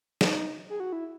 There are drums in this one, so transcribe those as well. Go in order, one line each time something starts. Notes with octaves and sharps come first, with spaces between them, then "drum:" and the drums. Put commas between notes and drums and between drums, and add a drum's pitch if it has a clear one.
D#4, drum: snare
G#4
F#4
E4